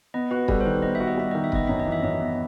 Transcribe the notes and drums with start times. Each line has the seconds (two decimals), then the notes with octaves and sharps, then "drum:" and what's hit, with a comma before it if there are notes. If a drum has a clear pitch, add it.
0.14 B3 D#5
0.31 F#4 B4
0.48 G3 A4, drum: kick
0.61 C5
0.65 D#3 B4
0.82 B3 D#5
0.95 E5
1.00 F#4
1.07 D#5
1.17 G3 E5
1.31 D#3 D#5
1.44 E5
1.52 B3 D#5, drum: kick
1.67 F#2 E5
1.80 D#5
1.86 E3
1.92 E5
2.03 F#2 D#5
2.21 B3